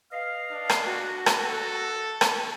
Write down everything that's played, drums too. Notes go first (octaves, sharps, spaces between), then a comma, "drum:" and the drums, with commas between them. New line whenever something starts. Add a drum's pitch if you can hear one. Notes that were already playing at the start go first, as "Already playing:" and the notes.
B4 D#5 F5
D4
drum: rim click
F#4
drum: rim click
A4
drum: rim click